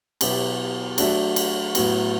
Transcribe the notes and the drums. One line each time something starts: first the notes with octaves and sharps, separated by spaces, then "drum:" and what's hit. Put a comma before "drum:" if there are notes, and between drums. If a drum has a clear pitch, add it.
B2 F#3 B3 E4 G4, drum: cymbal
F#3 A3 D4 F#4, drum: cymbal
drum: cymbal
A2 F#3 B3 F#4, drum: cymbal